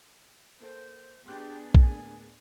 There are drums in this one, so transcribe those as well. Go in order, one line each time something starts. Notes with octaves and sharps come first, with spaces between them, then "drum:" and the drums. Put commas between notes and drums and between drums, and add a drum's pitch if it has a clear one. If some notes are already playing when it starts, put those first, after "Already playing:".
A#3 A4 C5
B3 D4 G4 G#4 C6 F#6 G6
D2 A2 A#3 G#5, drum: kick A#1